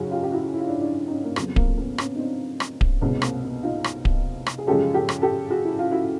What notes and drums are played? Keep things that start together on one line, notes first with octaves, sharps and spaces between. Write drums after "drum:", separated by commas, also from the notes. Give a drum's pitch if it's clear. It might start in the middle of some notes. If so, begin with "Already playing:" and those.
Already playing: F#2 C#3 F#3 C#4 D#4 F#4 G#4
F4 G4
G4
E4 F#4
E4
F4
D4 E4
D4 E4
C#4 D#4
A#3
F2 C#3 F#3 B3, drum: rim click
A#3 C4, drum: kick D1
B3 C#4
B3 C#4, drum: rim click
D#4
C4 D4
drum: rim click
drum: kick D1
C2 B2 G#3 B3 C#4
A#3 C4, drum: rim click
B3
D#4 F4
drum: rim click
drum: kick D1
drum: rim click
G#4
F#2 C#3 F3 G#3 G4 A4
G4 A4
drum: rim click
G4 A4
F#4 G#4
E4
F4
E4 F#4